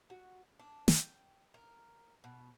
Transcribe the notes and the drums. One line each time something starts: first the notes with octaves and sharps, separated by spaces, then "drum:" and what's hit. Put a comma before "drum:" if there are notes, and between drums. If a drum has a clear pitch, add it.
F#4
D4
G5, drum: snare
A#4
B2